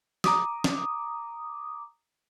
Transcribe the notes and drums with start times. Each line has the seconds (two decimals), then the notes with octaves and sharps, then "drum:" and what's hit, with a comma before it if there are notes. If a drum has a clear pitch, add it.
0.24 A#5 D6 D#6, drum: snare
0.64 drum: snare